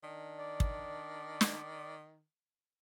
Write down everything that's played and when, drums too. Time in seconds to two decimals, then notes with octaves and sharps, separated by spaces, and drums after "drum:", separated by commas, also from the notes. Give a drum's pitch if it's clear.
0.03 D#3 D4
0.38 D5
0.60 drum: kick
1.41 drum: snare